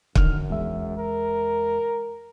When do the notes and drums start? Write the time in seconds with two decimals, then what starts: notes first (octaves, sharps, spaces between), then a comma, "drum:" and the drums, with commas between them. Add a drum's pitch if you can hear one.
0.15 F#2 D3 D#3 F6, drum: kick
0.50 E2 G#3 E5
0.98 A#4